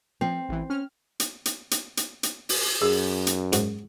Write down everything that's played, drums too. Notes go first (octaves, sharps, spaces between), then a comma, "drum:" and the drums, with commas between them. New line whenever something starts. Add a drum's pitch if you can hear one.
F3 C4
A1 E3
C#4 F6
drum: hi-hat
drum: hi-hat
drum: hi-hat
drum: hi-hat
drum: hi-hat
drum: open hi-hat
F#2 G#4
drum: hi-hat
G#2 F#4, drum: hi-hat